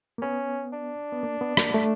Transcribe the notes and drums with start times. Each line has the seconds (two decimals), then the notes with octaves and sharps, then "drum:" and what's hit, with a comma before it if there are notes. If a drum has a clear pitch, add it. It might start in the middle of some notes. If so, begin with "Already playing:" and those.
0.18 A#3
0.22 B3 C#4
0.73 D4
1.12 B3
1.23 A#3
1.41 B3
1.57 A#3, drum: rim click
1.74 A3